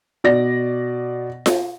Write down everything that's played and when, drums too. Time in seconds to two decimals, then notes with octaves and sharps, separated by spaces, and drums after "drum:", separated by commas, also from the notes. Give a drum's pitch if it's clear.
0.24 B2 D5 A#6
1.46 drum: snare F4